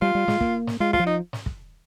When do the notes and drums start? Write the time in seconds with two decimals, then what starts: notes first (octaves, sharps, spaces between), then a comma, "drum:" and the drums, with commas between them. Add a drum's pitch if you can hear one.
0.02 G3 F4
0.15 G3
0.28 G#3, drum: snare
0.40 A#3, drum: kick
0.67 drum: snare
0.80 G#3 F4
0.93 F4, drum: kick
1.00 F3
1.07 D#4
1.33 drum: snare
1.46 drum: kick